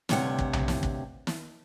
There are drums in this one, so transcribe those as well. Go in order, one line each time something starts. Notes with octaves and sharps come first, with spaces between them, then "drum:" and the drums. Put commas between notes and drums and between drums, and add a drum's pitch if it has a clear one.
D2 G2 C3 C#5 F#5, drum: snare
drum: kick
drum: tom B1
drum: snare
drum: kick
drum: snare